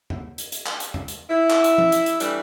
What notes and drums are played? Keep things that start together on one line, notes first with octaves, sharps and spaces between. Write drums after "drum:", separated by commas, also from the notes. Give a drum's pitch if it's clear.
drum: tom E2
drum: hi-hat
drum: hi-hat
drum: clap
drum: hi-hat
drum: tom E2
drum: hi-hat
E4
drum: clap
drum: hi-hat
drum: tom F3
drum: hi-hat
drum: hi-hat
E3 G3 A3 D4, drum: hi-hat